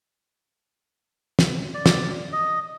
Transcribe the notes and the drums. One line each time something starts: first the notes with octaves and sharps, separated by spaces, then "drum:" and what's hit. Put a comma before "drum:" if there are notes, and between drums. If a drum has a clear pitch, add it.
drum: snare
D5
drum: snare
D#5